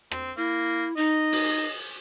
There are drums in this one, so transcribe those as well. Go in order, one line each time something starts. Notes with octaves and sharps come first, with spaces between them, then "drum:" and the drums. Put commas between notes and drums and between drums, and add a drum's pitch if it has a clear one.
C4, drum: rim click
A#3 E4
D#4 D#5
drum: open hi-hat